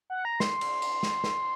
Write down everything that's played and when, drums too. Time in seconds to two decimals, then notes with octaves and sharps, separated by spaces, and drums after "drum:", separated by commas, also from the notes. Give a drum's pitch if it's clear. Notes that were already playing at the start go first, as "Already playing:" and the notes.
0.10 F#5
0.25 A#5
0.40 C6, drum: snare
0.61 drum: cymbal
0.82 drum: cymbal
1.03 drum: snare
1.24 drum: snare